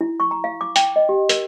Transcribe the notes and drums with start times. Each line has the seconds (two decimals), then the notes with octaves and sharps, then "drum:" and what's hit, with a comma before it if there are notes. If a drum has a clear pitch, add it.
0.01 E4
0.20 C#6
0.31 A#5
0.44 F5
0.61 D6
0.76 G5, drum: hi-hat
0.96 D#5
1.09 G4
1.29 A#4, drum: hi-hat